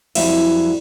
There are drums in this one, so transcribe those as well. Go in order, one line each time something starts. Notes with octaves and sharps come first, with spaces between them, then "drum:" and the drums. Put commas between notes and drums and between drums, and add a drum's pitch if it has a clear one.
F2 F#3 G3 E4 E5, drum: cymbal